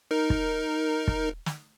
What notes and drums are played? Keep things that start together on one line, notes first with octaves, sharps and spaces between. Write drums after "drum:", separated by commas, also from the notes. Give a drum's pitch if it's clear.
D#4 A#4
drum: kick
drum: kick
drum: snare